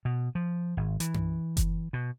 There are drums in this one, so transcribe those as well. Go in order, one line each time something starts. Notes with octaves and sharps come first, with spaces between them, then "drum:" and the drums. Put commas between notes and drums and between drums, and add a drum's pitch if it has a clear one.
B2
F3
G#1
E3, drum: hi-hat
drum: tom F#2
drum: kick F#1, hi-hat
B2